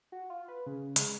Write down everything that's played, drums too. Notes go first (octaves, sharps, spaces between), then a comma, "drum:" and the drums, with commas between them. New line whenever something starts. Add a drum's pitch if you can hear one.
F#4
F4
B4
C#3
G#3, drum: hi-hat